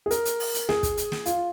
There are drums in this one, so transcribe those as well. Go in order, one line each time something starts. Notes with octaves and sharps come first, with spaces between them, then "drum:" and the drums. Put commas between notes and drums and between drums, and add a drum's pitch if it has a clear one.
G#4
A#4, drum: hi-hat
drum: hi-hat
drum: open hi-hat
drum: hi-hat
G#4, drum: snare
drum: kick, hi-hat
drum: hi-hat
drum: snare
F4, drum: hi-hat